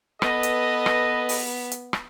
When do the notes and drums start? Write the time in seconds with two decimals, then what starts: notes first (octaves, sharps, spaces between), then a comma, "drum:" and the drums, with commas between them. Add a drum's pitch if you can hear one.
0.22 B3 A4 B4 D#5, drum: rim click
0.43 drum: hi-hat
0.86 drum: rim click
1.29 drum: open hi-hat
1.72 drum: hi-hat
1.93 drum: rim click